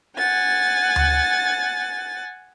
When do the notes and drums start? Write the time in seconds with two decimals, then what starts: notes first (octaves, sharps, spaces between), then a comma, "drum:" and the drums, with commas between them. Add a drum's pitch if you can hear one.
0.16 F#5 G#5 A6
0.96 drum: tom D2